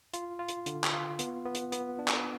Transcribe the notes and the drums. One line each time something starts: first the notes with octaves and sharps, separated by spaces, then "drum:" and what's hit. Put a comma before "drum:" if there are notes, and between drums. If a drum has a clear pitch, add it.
F4, drum: hi-hat
F4
drum: hi-hat
D3, drum: hi-hat
drum: clap
F4
B3, drum: hi-hat
B3
drum: hi-hat
B3, drum: hi-hat
D4
drum: clap